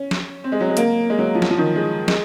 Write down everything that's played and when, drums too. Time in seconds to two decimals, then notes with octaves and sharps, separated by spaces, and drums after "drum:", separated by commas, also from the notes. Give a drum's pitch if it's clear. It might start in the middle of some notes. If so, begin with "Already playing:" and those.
Already playing: C#4
0.11 drum: snare
0.44 C4
0.52 G#3
0.60 F#3
0.69 G#3
0.77 A#3, drum: hi-hat
1.10 G#3
1.18 F#3
1.35 F3
1.42 F#3, drum: snare
1.50 F3
1.58 D#3
1.75 G#3
2.08 G#3, drum: snare